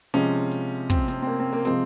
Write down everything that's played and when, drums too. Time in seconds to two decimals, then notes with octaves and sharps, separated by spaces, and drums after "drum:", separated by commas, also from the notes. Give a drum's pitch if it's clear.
0.14 C3 F3 G#3 C#4, drum: hi-hat
0.51 drum: hi-hat
0.90 C4, drum: kick, hi-hat
1.08 C4, drum: hi-hat
1.22 C4
1.27 A#3
1.40 C4
1.53 A#3
1.65 C3 F3 G#3 C4, drum: hi-hat